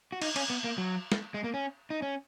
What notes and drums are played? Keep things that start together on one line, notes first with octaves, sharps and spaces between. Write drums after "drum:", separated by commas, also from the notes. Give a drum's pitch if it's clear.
F#4
D#4, drum: cymbal
C#4, drum: cymbal
B3
A#3
F#3
drum: snare
G#3
A#3
C#4
D#4
C#4